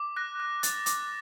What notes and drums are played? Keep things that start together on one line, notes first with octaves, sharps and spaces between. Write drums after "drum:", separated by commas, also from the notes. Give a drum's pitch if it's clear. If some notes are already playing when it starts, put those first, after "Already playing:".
Already playing: D6
F#6 A#6
F#6
D6 A6, drum: hi-hat
D6, drum: hi-hat